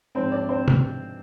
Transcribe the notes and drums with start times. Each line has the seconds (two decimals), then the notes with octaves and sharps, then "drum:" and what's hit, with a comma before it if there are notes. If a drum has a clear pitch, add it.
0.15 G#2 F3 C4 C5
0.32 D4 D5
0.49 C4 C5
0.68 drum: tom